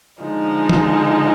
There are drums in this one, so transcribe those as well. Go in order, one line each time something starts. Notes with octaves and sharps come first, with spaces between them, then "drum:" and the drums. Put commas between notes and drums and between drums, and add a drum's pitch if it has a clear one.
D3 F3 G#3 D#4
drum: tom E3